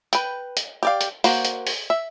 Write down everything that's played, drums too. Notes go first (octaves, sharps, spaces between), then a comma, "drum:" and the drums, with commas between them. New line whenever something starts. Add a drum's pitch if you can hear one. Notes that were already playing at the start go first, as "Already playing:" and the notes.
B4 G5, drum: hi-hat
drum: hi-hat
G4 D5 F5
drum: hi-hat
A#3 F#4 C5, drum: open hi-hat
drum: hi-hat
drum: open hi-hat
E5